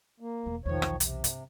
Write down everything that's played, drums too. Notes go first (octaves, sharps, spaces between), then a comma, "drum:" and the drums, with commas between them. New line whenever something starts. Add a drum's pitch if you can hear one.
A#3
E1 E2
B1 E2 D#3 F3 C#5
drum: rim click
C3, drum: hi-hat
G2, drum: hi-hat